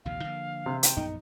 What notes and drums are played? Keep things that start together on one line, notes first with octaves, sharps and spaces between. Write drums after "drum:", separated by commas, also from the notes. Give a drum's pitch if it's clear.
A#1 D#2 C3 F5
D3 F3 A#3
C3
G5, drum: hi-hat
A#1 F#2 B3 D#4